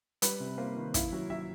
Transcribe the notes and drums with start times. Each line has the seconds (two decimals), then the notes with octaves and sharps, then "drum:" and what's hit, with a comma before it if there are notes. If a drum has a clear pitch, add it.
0.22 G3 B4, drum: hi-hat
0.40 C3
0.58 A#3 C5
0.76 D#3
0.94 E4 F5, drum: kick, hi-hat
1.13 F#3
1.30 F#3 E5